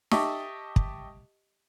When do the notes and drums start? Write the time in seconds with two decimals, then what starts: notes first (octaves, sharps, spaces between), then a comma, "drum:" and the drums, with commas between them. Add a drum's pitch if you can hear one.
0.12 G4 D#5 E5 A5 C#6 D6, drum: snare
0.76 drum: kick